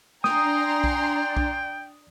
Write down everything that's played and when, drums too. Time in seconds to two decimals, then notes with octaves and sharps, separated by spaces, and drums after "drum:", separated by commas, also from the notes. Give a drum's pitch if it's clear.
0.24 D4 D5 G5 G#5 A#5 C6 D#6, drum: snare
0.84 drum: kick B1
1.37 drum: kick B1